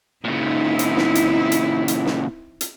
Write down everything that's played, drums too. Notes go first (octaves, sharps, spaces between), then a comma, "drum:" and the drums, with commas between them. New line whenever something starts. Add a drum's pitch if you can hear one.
A#2 C#3 C4 D#4 E4
drum: hi-hat
drum: snare
drum: hi-hat
drum: hi-hat
drum: hi-hat
drum: snare
drum: hi-hat